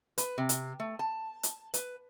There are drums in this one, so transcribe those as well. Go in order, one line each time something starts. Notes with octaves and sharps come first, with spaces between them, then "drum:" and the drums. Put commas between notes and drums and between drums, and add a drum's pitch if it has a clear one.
B4, drum: hi-hat
C3
drum: hi-hat
A3
A5
drum: hi-hat
B4, drum: hi-hat